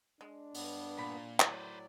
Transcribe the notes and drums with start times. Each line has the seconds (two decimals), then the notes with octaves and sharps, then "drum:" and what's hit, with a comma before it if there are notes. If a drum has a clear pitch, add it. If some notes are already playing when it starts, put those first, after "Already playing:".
0.21 G#3 D4
0.54 G2 B3, drum: open hi-hat
0.98 A#2 B5
1.40 A2 F#3 B4 C5 D5, drum: clap